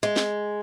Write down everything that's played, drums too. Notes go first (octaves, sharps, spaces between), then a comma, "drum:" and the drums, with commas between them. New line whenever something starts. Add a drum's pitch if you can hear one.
G#3
drum: snare